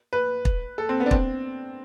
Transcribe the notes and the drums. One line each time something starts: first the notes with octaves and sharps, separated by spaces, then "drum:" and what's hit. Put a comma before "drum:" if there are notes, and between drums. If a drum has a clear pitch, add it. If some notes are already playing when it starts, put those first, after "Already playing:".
B4
drum: kick
A4
C4
B3
D4
C4, drum: kick